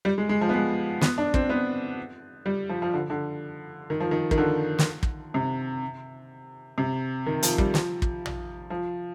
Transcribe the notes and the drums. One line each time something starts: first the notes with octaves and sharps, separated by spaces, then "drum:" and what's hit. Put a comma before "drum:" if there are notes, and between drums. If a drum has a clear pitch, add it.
G3
G#3
G#3
F3
B3
G#3
B3, drum: snare
D4
C4, drum: kick
B3
G3
F3
F3
D3
D3
D#3
F3
D#3
D#3, drum: kick
D3
drum: snare
drum: kick
C3
C3
D#3
F3, drum: hi-hat
G3, drum: kick
F3, drum: snare
drum: kick
drum: tom
F3